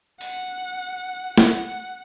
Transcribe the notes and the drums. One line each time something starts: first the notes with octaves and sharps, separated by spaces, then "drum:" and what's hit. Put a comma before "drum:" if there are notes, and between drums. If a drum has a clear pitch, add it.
F#5, drum: open hi-hat
F#5, drum: snare